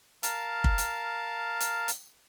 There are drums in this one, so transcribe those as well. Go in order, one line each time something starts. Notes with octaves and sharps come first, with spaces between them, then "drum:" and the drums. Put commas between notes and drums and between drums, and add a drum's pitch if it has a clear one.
A#4 F5 A5, drum: hi-hat
drum: kick
drum: hi-hat
drum: hi-hat
drum: hi-hat